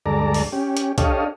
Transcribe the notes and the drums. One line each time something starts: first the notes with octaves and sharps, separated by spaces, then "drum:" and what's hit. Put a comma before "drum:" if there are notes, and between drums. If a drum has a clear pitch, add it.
D2 G2 G#3 A4 D5 A#5
drum: open hi-hat
C#4 G4
drum: hi-hat
D4 G4 A4 C#5 D#5 F5, drum: kick, hi-hat